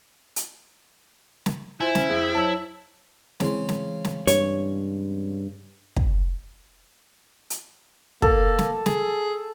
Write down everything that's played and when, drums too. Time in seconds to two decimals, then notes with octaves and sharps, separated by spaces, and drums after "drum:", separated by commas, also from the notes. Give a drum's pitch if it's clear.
0.36 drum: hi-hat
1.46 drum: snare
1.80 E4 F4 C5 G#5
1.95 C#4, drum: snare
2.10 F2 G#4
2.35 F#3 A5 E6
3.40 C#3 E3 G#3 C4 C6, drum: snare
3.69 drum: snare
4.05 drum: snare
4.27 G2 C#5, drum: hi-hat
5.96 drum: kick
7.50 drum: hi-hat
8.22 A#3 A4, drum: kick
8.59 drum: snare
8.86 G#4, drum: snare